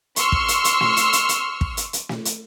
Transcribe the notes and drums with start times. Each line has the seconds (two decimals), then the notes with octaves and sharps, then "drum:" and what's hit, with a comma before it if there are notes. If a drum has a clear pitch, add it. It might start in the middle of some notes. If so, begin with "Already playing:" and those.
0.16 C6 C#6 E6 F6, drum: hi-hat
0.32 drum: kick
0.48 drum: hi-hat
0.64 drum: hi-hat
0.81 drum: snare
0.97 drum: hi-hat
1.13 drum: hi-hat
1.29 drum: hi-hat
1.61 drum: kick
1.77 drum: hi-hat
1.93 drum: hi-hat
2.09 drum: snare
2.25 drum: hi-hat